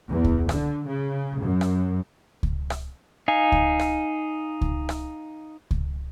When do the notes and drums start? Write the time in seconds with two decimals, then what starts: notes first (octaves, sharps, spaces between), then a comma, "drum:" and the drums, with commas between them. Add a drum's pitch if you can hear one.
0.11 E2
0.24 drum: kick C#2
0.49 D3, drum: rim click
0.87 C#3
1.41 F#2
1.61 drum: rim click
2.43 drum: kick C#2
2.70 drum: rim click
3.28 D#4 F5 G#5
3.52 drum: kick C#2
3.79 drum: rim click
4.61 drum: kick C#2
4.89 drum: rim click
5.71 drum: kick C#2